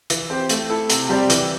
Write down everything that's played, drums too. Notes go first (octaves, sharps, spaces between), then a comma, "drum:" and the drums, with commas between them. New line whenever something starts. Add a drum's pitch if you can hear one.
E3, drum: hi-hat
C4 G4 C5
A3, drum: hi-hat
E4 A4
C3, drum: hi-hat
G3 C4 G4 D5
E3, drum: hi-hat